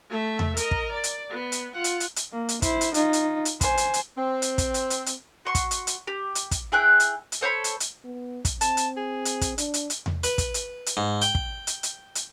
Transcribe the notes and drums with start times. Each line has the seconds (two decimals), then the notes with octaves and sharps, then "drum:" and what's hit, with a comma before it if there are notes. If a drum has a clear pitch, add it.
0.10 A3 E5
0.39 drum: tom E2
0.57 A#4 D#5, drum: hi-hat
0.71 drum: kick
0.92 D5
1.04 drum: hi-hat
1.30 B3
1.52 drum: hi-hat
1.74 F4 F#5
1.84 drum: hi-hat
2.00 drum: hi-hat
2.16 drum: hi-hat
2.32 A#3
2.49 drum: hi-hat
2.62 E4 C5, drum: kick, hi-hat
2.81 drum: hi-hat
2.94 D#4 F4, drum: hi-hat
3.13 drum: hi-hat
3.45 drum: hi-hat
3.61 C5 G#5, drum: kick, hi-hat
3.77 drum: hi-hat
3.94 drum: hi-hat
4.16 C4
4.42 drum: hi-hat
4.58 drum: kick, hi-hat
4.74 drum: hi-hat
4.90 drum: hi-hat
5.06 drum: hi-hat
5.45 F#4 C6 C#6
5.55 drum: kick, hi-hat
5.71 drum: hi-hat
5.87 drum: hi-hat
6.07 G4
6.35 drum: hi-hat
6.51 drum: kick, hi-hat
6.72 E4 G#4 G5 F#6
7.00 drum: hi-hat
7.32 drum: hi-hat
7.41 A4 C5 C#5 B5
7.64 drum: hi-hat
7.80 drum: hi-hat
8.04 B3
8.45 drum: kick, hi-hat
8.61 C4 A5, drum: hi-hat
8.77 drum: hi-hat
8.97 G#4
9.25 drum: hi-hat
9.41 drum: kick, hi-hat
9.58 D4, drum: hi-hat
9.74 drum: hi-hat
9.90 drum: hi-hat
10.06 drum: tom E2
10.24 B4, drum: hi-hat
10.38 drum: kick, hi-hat
10.54 drum: hi-hat
10.86 drum: hi-hat
10.97 G#2
11.22 G5, drum: hi-hat
11.35 drum: kick
11.67 drum: hi-hat
11.83 drum: hi-hat
12.15 drum: hi-hat